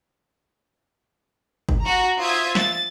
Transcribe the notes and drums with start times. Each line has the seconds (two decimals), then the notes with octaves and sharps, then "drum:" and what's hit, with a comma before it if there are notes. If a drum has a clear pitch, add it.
1.69 drum: kick G1
1.83 F#4 A#5
2.19 F4 C5 E5 F5 D#6 G#6
2.55 A6, drum: snare